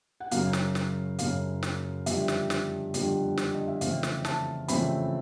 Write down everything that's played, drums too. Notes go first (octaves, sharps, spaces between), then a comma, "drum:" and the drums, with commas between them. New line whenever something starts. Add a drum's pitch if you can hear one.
F#5
F#2 C#3 F#3 F5, drum: hi-hat
drum: snare
drum: snare
F#2 C#3 F#3 F5, drum: hi-hat
drum: snare
F2 D3 G3 B3 E5, drum: hi-hat
drum: snare
drum: snare
F2 D3 G3 B3, drum: hi-hat
drum: snare
D#5
E5
F2 C#3 E3 A3 C4 F5, drum: hi-hat
drum: snare
A5, drum: snare
F2 C#3 E3 A3 C4 B5, drum: hi-hat